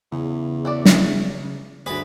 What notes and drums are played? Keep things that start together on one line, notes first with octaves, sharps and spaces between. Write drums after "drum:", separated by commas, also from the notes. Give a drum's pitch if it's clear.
E2 C#3
E4 F#4 D5
drum: snare
D2 G#4 B4